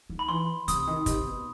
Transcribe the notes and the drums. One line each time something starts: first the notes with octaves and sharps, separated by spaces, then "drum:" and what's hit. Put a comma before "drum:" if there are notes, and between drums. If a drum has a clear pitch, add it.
D#3
B5
E3 C6
C3 D#6, drum: hi-hat
D#3
C3, drum: kick, hi-hat
B2